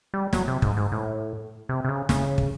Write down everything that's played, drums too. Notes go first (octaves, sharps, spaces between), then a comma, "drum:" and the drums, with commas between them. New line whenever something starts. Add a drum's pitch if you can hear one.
G3
F#3, drum: snare
C3
G#2, drum: kick
G#2
A2
C3
C3
C#3
C#3, drum: snare
drum: kick